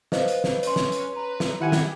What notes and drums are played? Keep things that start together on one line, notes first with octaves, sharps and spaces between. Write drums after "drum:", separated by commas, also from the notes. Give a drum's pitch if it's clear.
B4 C5 D#5 F5, drum: snare
drum: hi-hat
drum: snare
C#4 C#5 C6, drum: hi-hat
drum: snare
drum: hi-hat
B4 A#5
drum: snare
D#3 E4 G4 F#5 G#5
drum: snare